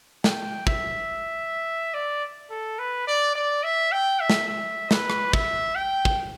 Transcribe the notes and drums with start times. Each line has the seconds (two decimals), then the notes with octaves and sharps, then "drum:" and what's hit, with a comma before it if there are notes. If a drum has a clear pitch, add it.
0.24 G5, drum: snare
0.67 E5, drum: kick
1.94 D5
2.50 A4
2.79 B4
3.07 D5
3.35 D5
3.64 E5
3.92 G5
4.20 E5
4.30 drum: snare
4.48 E5
4.91 B4, drum: snare
5.10 drum: rim click
5.33 E5, drum: kick
5.75 G5
6.05 drum: kick